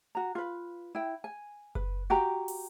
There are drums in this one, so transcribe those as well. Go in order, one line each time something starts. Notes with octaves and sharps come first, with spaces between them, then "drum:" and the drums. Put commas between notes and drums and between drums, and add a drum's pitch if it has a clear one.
F#4 A#5
F4 B4
E4 G5
G#5
B4, drum: kick F#1
F#4 G4 G5 A#5
drum: open hi-hat